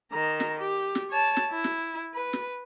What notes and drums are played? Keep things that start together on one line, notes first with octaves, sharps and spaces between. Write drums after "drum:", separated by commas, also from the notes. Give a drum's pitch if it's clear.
D#3 A#5
drum: snare
G4
drum: snare
C#5 A5
drum: snare
E4
drum: snare
B4
drum: snare